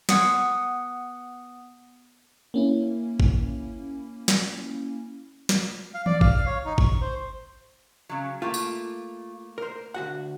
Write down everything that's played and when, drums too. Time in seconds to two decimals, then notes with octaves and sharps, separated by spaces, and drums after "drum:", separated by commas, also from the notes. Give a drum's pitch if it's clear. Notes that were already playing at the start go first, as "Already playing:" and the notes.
0.09 B3 F#5 D#6, drum: snare
2.54 A#3 C#4 E4
3.20 drum: kick G#1
4.28 drum: snare
5.49 drum: snare
5.94 F5
6.06 D5, drum: tom E3
6.21 F5, drum: kick G#1
6.46 C#5
6.65 D#4
6.78 C#6, drum: kick G#1
7.01 C5
8.09 C#3 F#3
8.42 A3 A#3 F4
8.54 drum: tambourine
9.58 A#4 C5
9.94 D2 F#4 F#5